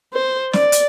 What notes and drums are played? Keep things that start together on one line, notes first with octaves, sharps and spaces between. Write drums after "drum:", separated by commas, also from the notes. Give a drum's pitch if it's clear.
C5
D5, drum: snare
drum: hi-hat